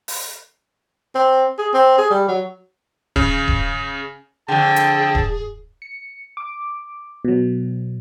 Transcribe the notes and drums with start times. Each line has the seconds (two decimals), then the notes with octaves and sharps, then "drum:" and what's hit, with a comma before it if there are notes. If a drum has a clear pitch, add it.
0.08 drum: open hi-hat
1.15 C4
1.59 G#4
1.74 C4
1.98 G#4
2.11 G3
2.28 F#3
3.16 C#3, drum: kick D#1
3.48 drum: kick D#1
4.48 F2 D3 G#4 G5 A5
4.76 drum: hi-hat
5.15 drum: kick D#1
5.82 C#7
6.37 D6
7.25 B2 F#3